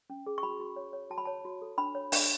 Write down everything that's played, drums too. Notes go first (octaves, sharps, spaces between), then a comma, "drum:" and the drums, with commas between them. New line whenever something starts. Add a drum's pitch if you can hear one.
C#4
G#4
C#6
F#4 B5
F#4
C#5
C#5
F#4 A5
B5
C#5 A5
F#4
A4
D4 B5
C#5
D4, drum: open hi-hat